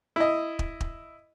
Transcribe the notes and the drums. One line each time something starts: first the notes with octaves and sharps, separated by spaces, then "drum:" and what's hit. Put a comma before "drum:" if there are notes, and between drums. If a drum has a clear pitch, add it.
E4 D#5
drum: kick
drum: kick